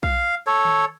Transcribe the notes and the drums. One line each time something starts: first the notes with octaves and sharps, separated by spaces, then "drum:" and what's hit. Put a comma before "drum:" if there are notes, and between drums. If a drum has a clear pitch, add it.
F5, drum: kick
A4 C#5
drum: tom D#3